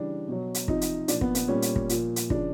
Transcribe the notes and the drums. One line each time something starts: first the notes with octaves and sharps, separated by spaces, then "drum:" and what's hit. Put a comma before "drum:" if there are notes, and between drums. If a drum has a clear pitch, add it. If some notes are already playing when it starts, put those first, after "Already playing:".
Already playing: C#3 E3 G3 D4
B2 F#3
drum: hi-hat
C3 F3 D#4, drum: kick
drum: hi-hat
A#2 F3 D4, drum: hi-hat
B3, drum: kick
B3, drum: hi-hat
A#2 G3 C#4
drum: hi-hat
drum: kick
A#2 F3, drum: hi-hat
drum: hi-hat
C#3 F3 D4, drum: kick